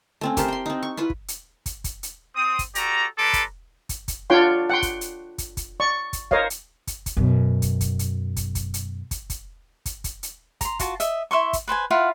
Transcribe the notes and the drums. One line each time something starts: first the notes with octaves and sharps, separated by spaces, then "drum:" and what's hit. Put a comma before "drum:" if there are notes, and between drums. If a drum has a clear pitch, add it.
A3 C4 C#4
G4 A#4 C5 A5, drum: kick, hi-hat
G5 C6
C4 D#4
C#6
E4 F4 B4
drum: kick
drum: hi-hat
drum: kick, hi-hat
drum: kick, hi-hat
drum: hi-hat
C4 D#6
drum: kick, hi-hat
F#4 G4 A4 D5 A#5, drum: hi-hat
G3 A4 B4 A#5 C6 D6
drum: kick, hi-hat
drum: kick, hi-hat
drum: kick, hi-hat
D4 F4 C#5 F#5 G5 C6
F#5 G5 C6
drum: kick, hi-hat
drum: hi-hat
drum: kick, hi-hat
drum: kick, hi-hat
D5 C#6
drum: kick, hi-hat
A#4 C5 C#5 D#5 F5, drum: kick
drum: hi-hat
drum: kick, hi-hat
drum: kick, hi-hat
F#2 B2
drum: kick, hi-hat
drum: kick, hi-hat
drum: hi-hat
drum: kick, hi-hat
drum: kick, hi-hat
drum: hi-hat
drum: kick, hi-hat
drum: kick, hi-hat
drum: kick, hi-hat
drum: kick, hi-hat
drum: hi-hat
A#5 C6, drum: kick, hi-hat
F4 F#4 A5, drum: kick, hi-hat
D#5 E5, drum: hi-hat
E4 E5 C6 C#6
drum: kick, hi-hat
B4 C5 G5 G#5
E4 F4 F5 F#5